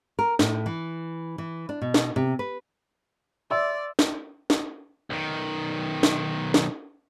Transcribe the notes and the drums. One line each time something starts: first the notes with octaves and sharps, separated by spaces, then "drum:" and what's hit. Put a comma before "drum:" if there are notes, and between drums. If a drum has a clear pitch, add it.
A#4
A2, drum: snare
E3
E3
D4
B2
drum: snare
C3
B4
D5 E5 C6 E6
drum: snare
drum: snare
B1 D#3
drum: snare
drum: snare